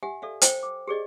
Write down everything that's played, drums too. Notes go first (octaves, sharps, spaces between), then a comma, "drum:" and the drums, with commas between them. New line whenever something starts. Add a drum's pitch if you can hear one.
G4 E5 F#5 G#5
A4 D5 E5 F5
C5 G5, drum: hi-hat
D6
G4 G#4 D5 D#5